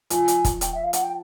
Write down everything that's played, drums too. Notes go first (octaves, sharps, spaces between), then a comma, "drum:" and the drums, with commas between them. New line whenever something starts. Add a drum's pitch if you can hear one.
F3 G#5, drum: hi-hat
drum: hi-hat
drum: kick, hi-hat
G5, drum: hi-hat
E5
F5
F#5, drum: hi-hat
G5